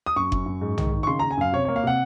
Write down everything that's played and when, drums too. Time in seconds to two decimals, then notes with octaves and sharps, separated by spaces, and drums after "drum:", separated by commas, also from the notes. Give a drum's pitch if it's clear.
0.06 D#6
0.16 F#2 C#6
0.32 F#2, drum: kick F#1
0.46 F#2
0.61 G#2
0.78 D#3, drum: tom B1
0.92 D#3
1.03 C#6
1.07 C#3 C6
1.19 C#3 A#5
1.31 G#5
1.37 F#2 F5
1.52 C3 C#5
1.65 A#3 C#5
1.76 F5
1.84 C3 F#5